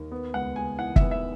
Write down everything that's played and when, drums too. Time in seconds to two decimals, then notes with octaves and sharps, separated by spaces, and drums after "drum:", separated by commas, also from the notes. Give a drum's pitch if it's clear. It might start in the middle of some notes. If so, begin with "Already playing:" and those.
Already playing: D#2 D#3
0.11 B3
0.34 C#2 F#5
0.56 C#2 G#5
0.79 E3 F#5
0.96 B3 E5, drum: kick
1.11 E5